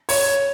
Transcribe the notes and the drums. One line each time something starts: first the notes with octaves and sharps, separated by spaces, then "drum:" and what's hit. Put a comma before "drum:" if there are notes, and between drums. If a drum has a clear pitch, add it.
C#5, drum: open hi-hat